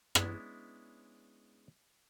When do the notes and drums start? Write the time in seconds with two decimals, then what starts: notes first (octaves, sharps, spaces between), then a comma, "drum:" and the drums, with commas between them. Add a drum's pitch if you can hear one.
0.15 G#3 B3 C#4 D4 E4, drum: rim click